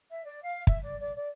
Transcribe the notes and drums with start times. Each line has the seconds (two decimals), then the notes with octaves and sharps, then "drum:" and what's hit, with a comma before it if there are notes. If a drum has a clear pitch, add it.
0.10 E5
0.25 D5
0.42 F5
0.67 E5, drum: kick
0.83 D5
0.99 D5
1.16 D5